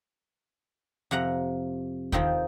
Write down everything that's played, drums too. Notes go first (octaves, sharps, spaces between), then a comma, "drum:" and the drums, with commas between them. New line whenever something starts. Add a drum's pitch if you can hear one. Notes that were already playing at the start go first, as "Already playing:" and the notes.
F2 C3 F#5 A#5
F2 D#3 F3 C4 D#4 G5, drum: kick